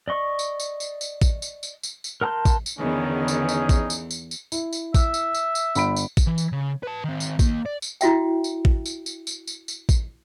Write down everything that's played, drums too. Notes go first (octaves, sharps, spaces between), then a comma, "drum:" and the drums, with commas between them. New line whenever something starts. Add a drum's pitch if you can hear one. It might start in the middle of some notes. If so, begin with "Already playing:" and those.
D5 D#5 C#6
drum: tambourine
drum: tambourine
drum: tambourine
drum: tambourine
drum: kick A1, tambourine
drum: tambourine
drum: tambourine
drum: tambourine
drum: tambourine
A#4 F#5 A5 C6 G6
drum: kick A1, tambourine
drum: tambourine
E2 D3 D#3 B3 C#4 D#4 G#4
drum: tambourine
drum: tambourine
drum: kick A1, tambourine
drum: tambourine
drum: tambourine
drum: tambourine
E4, drum: tambourine
drum: tambourine
E5, drum: kick A1, tambourine
drum: tambourine
drum: tambourine
drum: tambourine
G1 B5 D7, drum: tambourine
drum: tambourine
drum: kick A1, tambourine
E3
drum: tambourine
C#3
B4 A5
D#3 C4
drum: tambourine
A#3 D#5, drum: kick A1, tambourine
D5
drum: tambourine
E4 F#4 E5 G5, drum: tambourine
drum: tambourine
drum: kick A1
drum: tambourine
drum: tambourine
drum: tambourine
drum: tambourine
drum: tambourine
drum: kick A1, tambourine